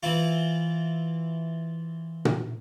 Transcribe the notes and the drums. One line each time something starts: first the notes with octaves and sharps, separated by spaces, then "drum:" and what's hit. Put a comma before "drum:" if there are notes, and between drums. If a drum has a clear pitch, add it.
E3 C4 E4 F4
drum: tom A#2